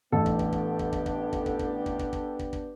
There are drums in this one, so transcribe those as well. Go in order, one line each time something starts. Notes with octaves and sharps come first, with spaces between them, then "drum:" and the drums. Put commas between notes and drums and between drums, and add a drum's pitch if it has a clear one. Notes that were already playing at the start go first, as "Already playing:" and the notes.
A1 B3 D4 G4 A4
drum: kick
drum: kick
drum: kick
drum: kick
drum: kick
drum: kick
drum: kick
drum: kick
drum: kick
drum: kick
drum: kick
drum: kick
drum: kick
drum: kick